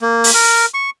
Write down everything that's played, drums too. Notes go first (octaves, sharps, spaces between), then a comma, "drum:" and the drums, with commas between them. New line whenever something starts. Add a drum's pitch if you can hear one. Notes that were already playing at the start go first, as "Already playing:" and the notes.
A#3
drum: open hi-hat
A#4
C#6